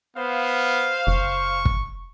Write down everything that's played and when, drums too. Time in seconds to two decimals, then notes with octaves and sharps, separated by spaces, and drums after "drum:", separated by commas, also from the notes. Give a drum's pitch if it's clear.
0.17 B3 C5 F5
1.07 F#1 C#6
1.65 drum: kick